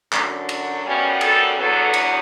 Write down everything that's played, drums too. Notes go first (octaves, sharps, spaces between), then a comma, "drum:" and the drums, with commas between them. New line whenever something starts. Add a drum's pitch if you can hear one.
F#2 D3 F#3, drum: clap
drum: cymbal
F#2 C#3 G3 B3 C#4
A4, drum: cymbal
E2 D3 F#3 B3 A4
drum: cymbal